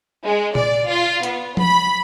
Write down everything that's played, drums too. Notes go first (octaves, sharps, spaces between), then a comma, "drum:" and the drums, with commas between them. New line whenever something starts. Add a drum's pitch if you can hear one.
G#3
D5, drum: tom A#2
F4
B3, drum: hi-hat
B5, drum: tom F3